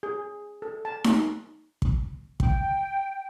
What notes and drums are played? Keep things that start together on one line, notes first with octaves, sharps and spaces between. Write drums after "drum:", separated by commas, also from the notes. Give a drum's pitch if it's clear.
G#4
A4
A5
drum: snare D#4
drum: kick
G5, drum: kick